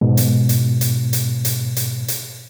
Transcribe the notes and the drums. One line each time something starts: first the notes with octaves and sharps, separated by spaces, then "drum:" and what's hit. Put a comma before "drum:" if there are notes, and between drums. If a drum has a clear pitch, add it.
G#2 B2
drum: hi-hat
drum: hi-hat
drum: hi-hat
drum: hi-hat
drum: hi-hat
drum: hi-hat
drum: hi-hat